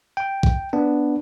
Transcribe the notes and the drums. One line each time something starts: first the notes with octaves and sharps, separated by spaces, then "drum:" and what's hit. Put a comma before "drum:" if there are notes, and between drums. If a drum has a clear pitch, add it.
G5
drum: kick
B3 D4